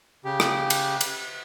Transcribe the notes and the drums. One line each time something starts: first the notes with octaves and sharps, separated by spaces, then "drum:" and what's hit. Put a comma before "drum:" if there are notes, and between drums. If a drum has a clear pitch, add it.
C#3 G4
drum: rim click
drum: cymbal
drum: cymbal